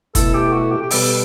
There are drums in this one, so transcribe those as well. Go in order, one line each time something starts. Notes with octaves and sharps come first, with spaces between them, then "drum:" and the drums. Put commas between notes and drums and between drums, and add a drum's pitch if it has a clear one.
B2 A3 E4 A4, drum: kick, hi-hat
G4
F#4
G4
G4
B2 G3 B3 A4, drum: open hi-hat